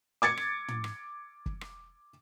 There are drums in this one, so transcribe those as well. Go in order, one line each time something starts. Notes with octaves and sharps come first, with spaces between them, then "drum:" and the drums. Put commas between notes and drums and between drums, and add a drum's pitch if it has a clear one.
D6 G#6 A6 C#7
drum: rim click
drum: tom
drum: rim click
drum: kick
drum: rim click